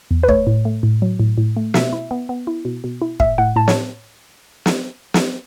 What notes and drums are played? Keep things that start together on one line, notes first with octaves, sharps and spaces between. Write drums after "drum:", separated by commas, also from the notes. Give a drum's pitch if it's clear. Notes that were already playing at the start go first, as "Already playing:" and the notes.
E2
B4
A3 C#5, drum: kick
A2
A3
A2
F#3
A2
A2
A3
B2 E5, drum: snare
E4
B3
B3
E4
B2
B2
E4
A2 E5, drum: kick
A2 F#5
A2 A5
C#5, drum: snare
drum: snare
drum: snare